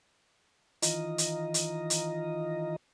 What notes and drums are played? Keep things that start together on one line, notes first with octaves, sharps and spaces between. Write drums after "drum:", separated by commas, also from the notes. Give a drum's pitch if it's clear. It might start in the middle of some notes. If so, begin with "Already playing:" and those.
D#3 E3 F4 D#5 A#5, drum: hi-hat
drum: hi-hat
drum: hi-hat
drum: hi-hat